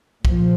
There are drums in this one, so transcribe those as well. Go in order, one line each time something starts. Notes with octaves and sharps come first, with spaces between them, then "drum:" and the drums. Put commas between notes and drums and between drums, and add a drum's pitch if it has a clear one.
A#2 F3, drum: kick